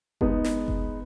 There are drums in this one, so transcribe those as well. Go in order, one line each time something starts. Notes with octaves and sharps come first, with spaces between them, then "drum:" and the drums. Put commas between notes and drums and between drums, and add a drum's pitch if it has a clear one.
G#3 B3 D#4, drum: kick F#1
drum: snare
drum: kick F#1